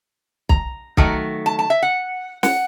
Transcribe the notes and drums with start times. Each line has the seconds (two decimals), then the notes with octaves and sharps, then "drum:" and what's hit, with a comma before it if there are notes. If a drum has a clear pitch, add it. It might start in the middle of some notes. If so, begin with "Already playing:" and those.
0.49 A#5, drum: kick
0.97 D#3 F#3 A3, drum: kick
1.46 A5
1.59 A5
1.70 E5
1.82 F#5
2.43 F#5, drum: snare